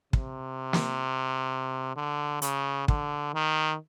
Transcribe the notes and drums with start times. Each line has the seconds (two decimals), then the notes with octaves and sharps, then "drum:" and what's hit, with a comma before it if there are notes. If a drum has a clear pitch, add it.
0.13 C3, drum: kick
0.73 drum: snare
1.96 D3
2.42 C#3, drum: hi-hat
2.88 D3, drum: kick
3.34 D#3